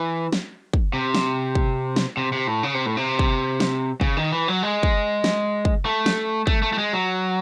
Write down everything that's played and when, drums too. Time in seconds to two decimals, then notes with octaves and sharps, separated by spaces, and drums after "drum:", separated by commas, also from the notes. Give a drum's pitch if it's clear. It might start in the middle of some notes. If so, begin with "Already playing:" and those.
Already playing: E3
0.33 drum: snare
0.73 drum: kick
0.93 C3
1.14 drum: snare
1.55 drum: kick
1.96 drum: snare
2.17 C3
2.32 C3
2.47 A2
2.63 C#3
2.74 C3
2.86 A2
2.97 C3
3.19 drum: kick
3.60 drum: snare
4.01 C#3, drum: kick
4.17 D#3
4.32 E3
4.48 F#3
4.63 G#3
4.83 drum: kick
5.24 drum: snare
5.65 drum: kick
5.86 A3
6.06 drum: snare
6.47 A3, drum: kick
6.62 A3
6.73 A3
6.78 G#3
6.93 F#3